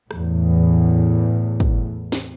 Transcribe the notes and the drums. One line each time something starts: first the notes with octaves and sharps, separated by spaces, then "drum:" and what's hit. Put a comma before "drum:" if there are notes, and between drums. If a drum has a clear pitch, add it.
E2 A2, drum: rim click
drum: kick
drum: snare